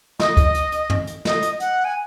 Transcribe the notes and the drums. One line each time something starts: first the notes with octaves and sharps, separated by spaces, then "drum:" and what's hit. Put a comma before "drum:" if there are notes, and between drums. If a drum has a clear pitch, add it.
D#5, drum: snare
drum: kick, hi-hat
drum: hi-hat
drum: hi-hat
drum: tom
drum: hi-hat
D#5, drum: snare
drum: hi-hat
F#5, drum: hi-hat
G#5